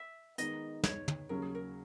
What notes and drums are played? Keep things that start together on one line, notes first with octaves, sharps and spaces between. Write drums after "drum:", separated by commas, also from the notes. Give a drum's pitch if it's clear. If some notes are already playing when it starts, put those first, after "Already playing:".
Already playing: E5
D#3 G#3 B3 D#4 D#5, drum: hi-hat
C#5, drum: snare
drum: tom
D#2 C#3 F#3 C#4 A#4
G#4
A#4